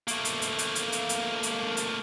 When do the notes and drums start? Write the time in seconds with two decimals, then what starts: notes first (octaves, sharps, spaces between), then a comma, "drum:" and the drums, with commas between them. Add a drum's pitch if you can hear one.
0.08 A3 A#3, drum: hi-hat
0.25 drum: hi-hat
0.42 drum: hi-hat
0.59 drum: hi-hat
0.75 drum: hi-hat
0.92 drum: hi-hat
1.09 drum: hi-hat
1.43 drum: hi-hat
1.77 drum: hi-hat